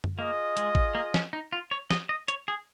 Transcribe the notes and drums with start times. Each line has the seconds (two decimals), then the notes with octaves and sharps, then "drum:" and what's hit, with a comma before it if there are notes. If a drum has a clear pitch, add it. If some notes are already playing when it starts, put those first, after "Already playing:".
0.04 drum: tom F#2
0.18 A#3 F4 G#4 D#5
0.57 G#3, drum: hi-hat
0.75 drum: kick
0.95 A#3
1.14 C#4, drum: snare
1.33 D#4
1.53 F4
1.71 C#5
1.90 D#5, drum: snare
2.09 D#5
2.28 C#5, drum: hi-hat
2.48 G#4